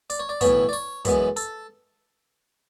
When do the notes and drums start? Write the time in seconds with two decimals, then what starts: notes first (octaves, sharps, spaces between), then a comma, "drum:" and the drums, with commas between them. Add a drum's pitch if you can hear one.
0.10 D5, drum: hi-hat
0.20 C#5
0.29 D5
0.41 B1 A2 E3 B3 C#5, drum: kick, hi-hat
0.69 D5
0.73 C#5, drum: open hi-hat
1.05 F#2 E3 G#3 B3, drum: kick, hi-hat
1.36 A4, drum: hi-hat